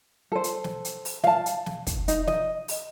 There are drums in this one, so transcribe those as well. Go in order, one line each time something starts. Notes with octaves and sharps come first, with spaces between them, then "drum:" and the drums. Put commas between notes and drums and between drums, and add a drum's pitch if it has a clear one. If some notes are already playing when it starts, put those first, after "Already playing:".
A4 C5
drum: hi-hat
drum: snare
drum: hi-hat
drum: open hi-hat
F5 A5, drum: snare
drum: hi-hat
drum: snare
drum: kick, hi-hat
D#4, drum: hi-hat
D#5, drum: snare
drum: open hi-hat